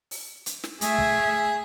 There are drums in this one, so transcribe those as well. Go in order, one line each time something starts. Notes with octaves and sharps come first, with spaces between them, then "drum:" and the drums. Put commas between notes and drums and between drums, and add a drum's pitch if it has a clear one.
drum: open hi-hat
drum: hi-hat
drum: snare
A3 G#4 E5, drum: hi-hat
drum: kick